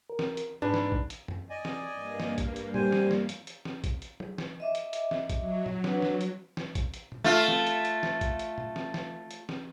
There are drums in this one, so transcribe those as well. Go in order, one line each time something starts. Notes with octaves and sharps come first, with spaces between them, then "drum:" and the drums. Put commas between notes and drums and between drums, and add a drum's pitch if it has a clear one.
A#4
drum: snare
drum: hi-hat
G#2 D4 B4 B5
drum: snare
drum: kick
drum: hi-hat
drum: tom F#2
D5 D#5 G#5
drum: snare
G2 A#3
drum: snare
drum: kick, hi-hat
drum: hi-hat
G3 C5 G#5, drum: tom
drum: snare
drum: snare
drum: hi-hat
drum: hi-hat
drum: snare
drum: kick, hi-hat
drum: hi-hat
drum: tom
drum: snare
D#5 E5 D6
drum: hi-hat
drum: hi-hat
drum: snare
drum: kick, hi-hat
F#3
drum: tom
D4 B4 F#5, drum: snare
drum: snare
drum: hi-hat
drum: snare
drum: kick, hi-hat
drum: hi-hat
drum: tom
A3 F4
drum: snare
drum: hi-hat
drum: hi-hat
drum: snare
drum: kick, hi-hat
drum: hi-hat
drum: tom
drum: snare
drum: snare
drum: hi-hat
drum: snare